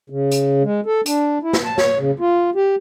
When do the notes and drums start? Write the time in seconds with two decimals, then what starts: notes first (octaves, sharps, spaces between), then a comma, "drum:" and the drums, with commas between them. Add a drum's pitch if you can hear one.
0.10 C#3
0.31 drum: hi-hat
0.64 G#3
0.86 A4
1.06 D4, drum: hi-hat
1.43 E4
1.53 drum: snare
1.65 A5
1.78 C#5, drum: snare
1.98 C#3
2.20 F4
2.55 G4